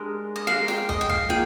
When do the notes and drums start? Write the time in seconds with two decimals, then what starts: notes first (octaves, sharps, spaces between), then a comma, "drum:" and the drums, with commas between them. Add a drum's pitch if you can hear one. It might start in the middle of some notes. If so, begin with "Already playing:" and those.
Already playing: G#3 D4 G4 A#4
0.36 D#5
0.47 G#3 D4 G4 A#4 F5
0.68 G5, drum: snare
0.89 D#5, drum: kick
1.01 G5
1.09 F5, drum: kick
1.29 A#3 F4 G#4 G5